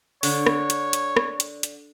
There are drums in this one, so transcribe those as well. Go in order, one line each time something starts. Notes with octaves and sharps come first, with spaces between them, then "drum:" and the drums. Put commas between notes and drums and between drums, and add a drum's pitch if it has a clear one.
D3 C#5, drum: open hi-hat
drum: rim click
drum: hi-hat
drum: hi-hat
drum: rim click
drum: hi-hat
drum: hi-hat